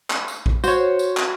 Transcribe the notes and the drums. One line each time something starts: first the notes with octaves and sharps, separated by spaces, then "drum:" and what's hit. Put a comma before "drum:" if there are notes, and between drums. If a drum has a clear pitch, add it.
drum: clap
drum: tambourine
drum: kick A#1
F#4 C5 C#5, drum: tambourine
drum: tambourine
drum: clap